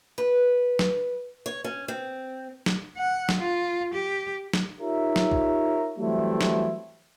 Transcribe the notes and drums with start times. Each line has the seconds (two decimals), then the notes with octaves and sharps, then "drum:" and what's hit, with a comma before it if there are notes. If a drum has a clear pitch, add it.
0.18 B4
0.79 drum: snare
1.46 C#5
1.64 C#4
1.88 C4
2.66 drum: snare
2.98 F#5
3.29 drum: snare
3.40 F4
3.94 G4
4.53 drum: snare
4.80 D#4 F4 G4 A#4 C#5 E5
5.16 drum: snare
5.31 drum: kick
5.99 E3 F#3 G3 A3 C4 E4
6.41 drum: snare